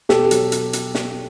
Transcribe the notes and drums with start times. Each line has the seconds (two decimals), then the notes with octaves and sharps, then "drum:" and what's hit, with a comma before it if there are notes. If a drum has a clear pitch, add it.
0.09 B2 G4 A4, drum: snare
0.31 F#3, drum: hi-hat
0.52 drum: hi-hat
0.73 drum: hi-hat
0.95 drum: snare